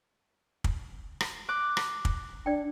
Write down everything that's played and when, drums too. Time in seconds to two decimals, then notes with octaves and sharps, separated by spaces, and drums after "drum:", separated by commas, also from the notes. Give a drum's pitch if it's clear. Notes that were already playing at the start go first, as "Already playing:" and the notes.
0.64 drum: kick
1.21 drum: rim click
1.49 D6 F#6
1.77 drum: rim click
2.05 drum: kick
2.46 D4 D5 G5